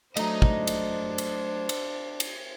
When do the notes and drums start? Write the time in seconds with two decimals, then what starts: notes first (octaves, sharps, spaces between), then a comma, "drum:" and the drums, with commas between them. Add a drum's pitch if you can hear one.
0.17 F#3 A3 D4 C5 D#5 A#5, drum: cymbal
0.42 drum: kick
0.67 drum: cymbal
1.18 drum: cymbal
1.69 drum: cymbal
2.20 drum: cymbal